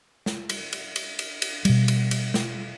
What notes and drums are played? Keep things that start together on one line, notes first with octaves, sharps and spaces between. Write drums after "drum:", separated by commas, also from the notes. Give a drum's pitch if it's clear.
drum: snare
drum: cymbal
drum: cymbal
drum: cymbal
drum: cymbal
drum: cymbal
B2 G3, drum: cymbal
drum: cymbal
drum: cymbal
drum: snare